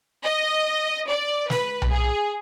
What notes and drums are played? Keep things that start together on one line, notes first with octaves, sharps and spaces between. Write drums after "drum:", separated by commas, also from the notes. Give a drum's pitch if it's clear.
D#5
D5
B4, drum: snare
drum: tom B1
G#4